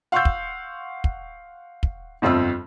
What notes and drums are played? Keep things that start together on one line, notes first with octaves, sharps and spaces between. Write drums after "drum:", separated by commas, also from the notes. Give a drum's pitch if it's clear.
F5 F#5 C6 C#6 E6 G6
drum: kick
drum: kick
drum: kick
G1 F2 C4 F4 E6